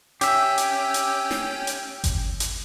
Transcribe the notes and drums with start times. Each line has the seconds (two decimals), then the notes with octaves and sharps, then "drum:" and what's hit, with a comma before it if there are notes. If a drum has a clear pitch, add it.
0.21 C#4 G4 E5 G5, drum: hi-hat
0.58 drum: hi-hat
0.94 drum: hi-hat
1.31 drum: snare
1.67 drum: hi-hat
2.04 drum: kick G1, hi-hat
2.40 drum: hi-hat